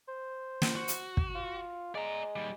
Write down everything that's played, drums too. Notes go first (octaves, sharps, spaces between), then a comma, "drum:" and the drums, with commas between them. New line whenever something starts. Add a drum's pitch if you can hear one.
C5
drum: snare
F#4
drum: hi-hat
drum: kick
F4
G#3 D5 A#5
D#2 G3